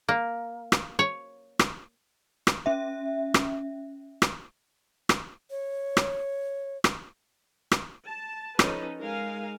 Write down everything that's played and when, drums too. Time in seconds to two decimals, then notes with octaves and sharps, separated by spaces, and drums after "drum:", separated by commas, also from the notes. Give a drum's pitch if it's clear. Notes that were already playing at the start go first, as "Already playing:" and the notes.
0.09 A#3
0.72 drum: rim click
0.99 C#5
1.59 drum: rim click
2.47 drum: rim click
2.66 C#4 E5
3.34 drum: rim click
4.22 drum: rim click
5.09 drum: rim click
5.51 C#5
5.97 drum: rim click
6.84 drum: rim click
7.72 drum: rim click
8.07 A5
8.59 F3 C#4 D#4 A4 B4, drum: rim click
8.99 G#3 D#4 A#4 F5 G#5